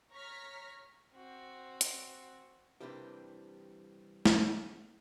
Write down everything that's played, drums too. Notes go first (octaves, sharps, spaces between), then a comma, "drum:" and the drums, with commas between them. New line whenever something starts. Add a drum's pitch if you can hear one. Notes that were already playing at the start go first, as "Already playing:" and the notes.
C#5 A#5 C#6 F6 A#6 B6
C4 F#4
drum: hi-hat
C3 E3 G3 A#3 D4 G4
drum: snare